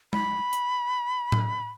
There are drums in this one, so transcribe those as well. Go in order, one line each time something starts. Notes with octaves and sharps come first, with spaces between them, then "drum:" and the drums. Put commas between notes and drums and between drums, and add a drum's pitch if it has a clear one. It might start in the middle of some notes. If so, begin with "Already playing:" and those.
B5, drum: tom G#3
drum: hi-hat
drum: tom A2